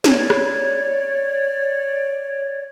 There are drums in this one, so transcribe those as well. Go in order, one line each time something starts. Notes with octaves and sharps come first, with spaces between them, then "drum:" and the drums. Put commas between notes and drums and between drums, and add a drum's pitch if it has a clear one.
C#5 D5, drum: snare
drum: rim click